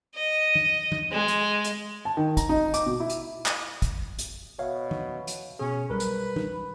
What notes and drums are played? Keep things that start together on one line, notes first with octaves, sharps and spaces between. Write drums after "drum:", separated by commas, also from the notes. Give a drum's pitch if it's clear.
D#5
drum: tom F3
drum: tom F3
G#3
drum: hi-hat
drum: hi-hat
A5
D#3
A#5, drum: kick, hi-hat
D#4
D6, drum: hi-hat
B2
E4
drum: hi-hat
drum: clap
drum: kick, hi-hat
drum: hi-hat
B2 C#5 E5 F5
drum: tom F3
drum: hi-hat
B2 C#4 G#4
B1 G3 A#4 B4
drum: hi-hat
drum: tom F3